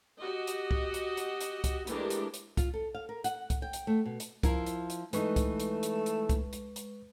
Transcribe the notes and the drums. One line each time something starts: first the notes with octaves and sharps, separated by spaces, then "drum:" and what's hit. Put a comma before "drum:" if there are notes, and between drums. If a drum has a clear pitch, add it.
F#4 G4 D#5
drum: hi-hat
drum: kick C2
drum: hi-hat
drum: hi-hat
drum: hi-hat
drum: kick C2, hi-hat
E3 G#3 A3 D4 G4 A#4, drum: hi-hat
drum: hi-hat
drum: hi-hat
F4, drum: kick C2, hi-hat
A4
F5
A#4
F#5, drum: hi-hat
drum: kick C2, hi-hat
G5
drum: hi-hat
A3
B2
drum: hi-hat
F3 E4 A#4, drum: kick C2, hi-hat
drum: hi-hat
drum: hi-hat
E3 G#3 A3 D#4 B4 C#6, drum: hi-hat
drum: kick C2, hi-hat
drum: hi-hat
drum: hi-hat
drum: hi-hat
drum: kick C2, hi-hat
drum: hi-hat
drum: hi-hat